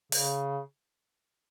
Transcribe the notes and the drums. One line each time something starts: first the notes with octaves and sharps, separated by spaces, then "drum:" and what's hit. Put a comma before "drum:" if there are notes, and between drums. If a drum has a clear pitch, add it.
C#3, drum: open hi-hat